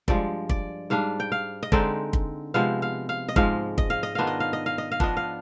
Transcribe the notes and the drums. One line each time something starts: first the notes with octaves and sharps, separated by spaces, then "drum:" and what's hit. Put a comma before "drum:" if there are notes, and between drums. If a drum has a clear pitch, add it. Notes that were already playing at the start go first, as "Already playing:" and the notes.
G2 F3 G#3 D5, drum: kick
D5, drum: kick
G#2 G3 D4 F5
G5
F5
D#5
D3 G#3 C4 D#4 D5, drum: kick
drum: kick
C3 F3 G#3 B3 F5
F5
F5
D#5
G#2 F3 G#3 F5, drum: kick
D#5, drum: kick
F5
D#5
D#3 B3 D4 F4 F5
D#5
F5
D#5
F5
D#5
F5
F3 B3 D4 D#5, drum: kick
F5